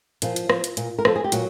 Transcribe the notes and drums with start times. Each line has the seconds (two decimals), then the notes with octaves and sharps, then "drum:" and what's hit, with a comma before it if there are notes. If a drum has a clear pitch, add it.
0.22 A#2 F3 F4, drum: hi-hat
0.36 drum: hi-hat
0.50 F3, drum: rim click
0.64 drum: hi-hat
0.77 A#2, drum: hi-hat
0.98 A#4
1.05 F3 A4, drum: rim click
1.16 G#4
1.24 G4
1.32 A#2 F#3 F#4, drum: hi-hat